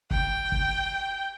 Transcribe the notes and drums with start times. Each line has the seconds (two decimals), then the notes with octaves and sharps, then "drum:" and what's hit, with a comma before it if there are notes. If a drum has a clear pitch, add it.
0.11 G5, drum: kick
0.52 drum: kick